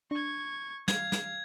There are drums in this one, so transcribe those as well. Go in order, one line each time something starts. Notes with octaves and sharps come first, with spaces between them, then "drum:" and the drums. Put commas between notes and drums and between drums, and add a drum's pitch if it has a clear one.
D4 C#6 G#6
F5 G#6, drum: snare
drum: snare